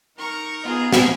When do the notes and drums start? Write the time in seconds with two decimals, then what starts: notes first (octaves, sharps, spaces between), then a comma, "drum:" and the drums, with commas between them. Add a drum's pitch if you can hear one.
0.18 D#4 A#4 A#5 C#6
0.64 B3 F4 G#4 D#5
0.93 drum: snare